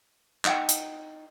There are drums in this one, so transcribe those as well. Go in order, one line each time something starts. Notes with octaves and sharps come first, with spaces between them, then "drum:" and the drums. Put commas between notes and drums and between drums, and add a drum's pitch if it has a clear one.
D#4 F#5 G5, drum: clap
drum: hi-hat